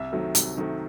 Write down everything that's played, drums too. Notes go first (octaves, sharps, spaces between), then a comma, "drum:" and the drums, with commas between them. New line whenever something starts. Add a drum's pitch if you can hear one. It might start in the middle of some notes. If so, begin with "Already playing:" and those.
Already playing: C2 E5
C3 D#3 F#3 A3
C2, drum: hi-hat
C3 D#3 F#3 A3